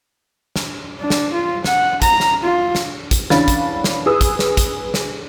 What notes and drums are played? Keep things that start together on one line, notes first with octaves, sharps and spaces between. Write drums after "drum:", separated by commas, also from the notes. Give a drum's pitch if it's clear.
drum: snare
D4
drum: snare
F4
F#5, drum: snare
A#5, drum: kick, hi-hat
drum: snare
F4
drum: snare
drum: kick, hi-hat
E2 C#4 D4 F5 B5 A6, drum: snare
drum: kick, hi-hat
drum: snare
G#4 B4 D#6 E6
drum: kick, hi-hat
drum: snare
drum: kick, hi-hat
drum: snare